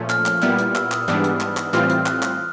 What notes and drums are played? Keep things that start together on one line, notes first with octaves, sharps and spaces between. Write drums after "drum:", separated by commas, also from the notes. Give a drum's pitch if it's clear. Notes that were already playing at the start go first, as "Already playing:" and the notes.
Already playing: A#2 F3 A3 C#4
F6, drum: clap
drum: clap
A#2 G3 B3 E4, drum: hi-hat
drum: hi-hat
E6, drum: clap
D#6, drum: clap
G#2 E3 G3 B3 D4, drum: hi-hat
drum: hi-hat
drum: clap
drum: clap
A2 E3 G3 C4 F4 F6, drum: hi-hat
drum: hi-hat
F#6, drum: clap
drum: clap